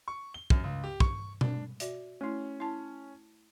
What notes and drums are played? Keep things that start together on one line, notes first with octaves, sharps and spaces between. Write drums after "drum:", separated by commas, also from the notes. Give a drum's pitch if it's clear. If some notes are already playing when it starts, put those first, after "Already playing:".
C#6
G7
F#2, drum: kick
C#2
G4
C#6, drum: kick
D4, drum: tom B2
F#4 D5 E5, drum: hi-hat
A3 C#4 E4
E4 A5